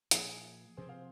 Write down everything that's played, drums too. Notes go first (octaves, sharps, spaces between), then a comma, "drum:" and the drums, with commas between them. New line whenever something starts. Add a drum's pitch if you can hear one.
A#2 F3 A#3 G#4, drum: hi-hat
C3 F3 C4 G#4 C5
C5 F5